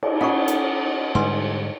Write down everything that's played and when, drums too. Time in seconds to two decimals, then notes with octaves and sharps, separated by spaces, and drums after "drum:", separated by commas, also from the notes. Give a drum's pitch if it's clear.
0.03 drum: cymbal
0.21 C#4 D#4 F4 D#5 F#5 C#6 D#6
0.48 drum: hi-hat
1.15 G#2 D3 G3 B4 G#5 C6